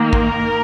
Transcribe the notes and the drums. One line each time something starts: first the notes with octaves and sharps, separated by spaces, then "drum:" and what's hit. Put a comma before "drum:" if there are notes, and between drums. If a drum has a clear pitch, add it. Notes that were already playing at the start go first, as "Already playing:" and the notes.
Already playing: D#3 A#3
A#4, drum: kick